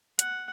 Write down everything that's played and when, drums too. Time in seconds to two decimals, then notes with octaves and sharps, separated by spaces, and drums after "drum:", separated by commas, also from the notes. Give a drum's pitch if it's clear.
0.19 F#5, drum: hi-hat